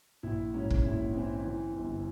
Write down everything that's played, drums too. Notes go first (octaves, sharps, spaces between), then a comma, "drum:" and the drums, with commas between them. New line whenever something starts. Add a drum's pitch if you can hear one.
A#1 E4
G#2 C#4
drum: kick
A#1 E4
E3 C4
E3
G1